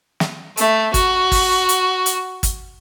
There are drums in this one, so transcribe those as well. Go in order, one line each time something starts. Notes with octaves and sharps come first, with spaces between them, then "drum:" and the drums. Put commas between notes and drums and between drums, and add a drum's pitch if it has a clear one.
drum: snare
A3, drum: hi-hat
F#4, drum: kick, hi-hat
drum: kick, open hi-hat
drum: hi-hat
drum: hi-hat
drum: kick, hi-hat